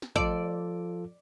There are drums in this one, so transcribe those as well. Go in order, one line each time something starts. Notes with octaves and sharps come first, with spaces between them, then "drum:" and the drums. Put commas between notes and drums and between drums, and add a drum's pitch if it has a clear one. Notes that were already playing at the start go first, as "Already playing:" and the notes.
drum: snare
F3 F4 A4 D5, drum: kick